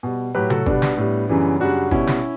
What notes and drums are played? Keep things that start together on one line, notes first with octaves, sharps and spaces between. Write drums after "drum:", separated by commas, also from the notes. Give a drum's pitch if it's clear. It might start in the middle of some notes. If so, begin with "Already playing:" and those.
B2 G3
A2 F#3 G4 B4
F#4 A4, drum: tom C3
B2 G3 B3 D4, drum: kick G1
drum: snare
A2 G3
F#2 C#3 E3 G3
F#2 C#3 G3 D4 F#4
B2 G3 C#4 E4, drum: kick G1
drum: snare